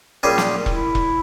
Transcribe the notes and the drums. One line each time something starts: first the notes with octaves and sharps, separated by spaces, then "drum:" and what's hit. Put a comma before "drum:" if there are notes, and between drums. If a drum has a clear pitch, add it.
A#2 G3 C#4 G#4
drum: snare
E4, drum: kick E1
drum: kick E1